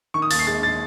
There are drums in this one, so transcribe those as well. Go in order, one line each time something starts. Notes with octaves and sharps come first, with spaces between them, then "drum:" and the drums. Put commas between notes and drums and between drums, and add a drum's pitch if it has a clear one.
D#3 C#6
D#6
D#2 A6, drum: open hi-hat
C7
G#3 A6
A6